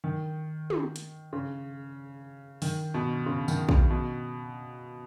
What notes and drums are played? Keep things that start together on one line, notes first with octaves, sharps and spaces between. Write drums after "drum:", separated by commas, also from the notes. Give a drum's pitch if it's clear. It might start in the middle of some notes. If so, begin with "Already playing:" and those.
D#3
drum: tom
drum: hi-hat
C#3
D#3, drum: open hi-hat
B2
C#3
D#3, drum: tambourine
C#3, drum: kick
B2